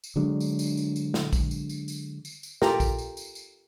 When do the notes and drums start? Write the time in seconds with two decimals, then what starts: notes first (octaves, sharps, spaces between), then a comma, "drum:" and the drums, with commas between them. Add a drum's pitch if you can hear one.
0.04 drum: tambourine
0.16 D3 F#3 G#3 D4
0.40 drum: tambourine
0.59 drum: tambourine
0.77 drum: tambourine
0.96 drum: tambourine
1.14 drum: snare
1.33 drum: kick A#1, tambourine
1.51 drum: tambourine
1.69 drum: tambourine
1.88 drum: tambourine
2.25 drum: tambourine
2.43 drum: tambourine
2.62 F4 G4 A4 A#4 A#5, drum: snare
2.80 drum: kick A#1, tambourine
2.98 drum: tambourine
3.17 drum: tambourine
3.35 drum: tambourine